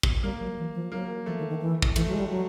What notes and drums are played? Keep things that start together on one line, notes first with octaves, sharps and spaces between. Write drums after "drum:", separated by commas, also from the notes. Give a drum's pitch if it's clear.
drum: kick
G3 A#3
F#3
E3
F3
F#3 A#3
F3 A3
D#3
D#3
E3
drum: kick
E3 A3, drum: cymbal
F#3
G#3
G3
F#3